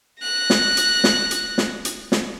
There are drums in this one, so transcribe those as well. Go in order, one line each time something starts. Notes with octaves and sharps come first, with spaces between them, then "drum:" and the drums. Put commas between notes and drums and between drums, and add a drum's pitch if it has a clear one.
F#6 A#6
drum: snare
drum: hi-hat
drum: snare
drum: hi-hat
drum: snare
drum: hi-hat
drum: snare